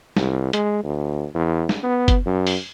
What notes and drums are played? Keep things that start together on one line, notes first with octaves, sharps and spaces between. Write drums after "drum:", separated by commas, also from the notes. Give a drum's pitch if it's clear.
C2, drum: snare
G#3, drum: hi-hat
D2
E2
drum: snare
B3
drum: kick F#1, hi-hat
F#2
drum: open hi-hat